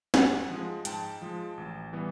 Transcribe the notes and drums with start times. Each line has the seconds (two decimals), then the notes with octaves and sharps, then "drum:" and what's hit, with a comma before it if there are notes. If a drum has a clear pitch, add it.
0.14 G#2 F#5 G#5, drum: snare
0.50 F3 G#3
0.85 G#2 G5 A5, drum: hi-hat
1.22 F3 G#3
1.58 A1
1.93 E3 G3 B3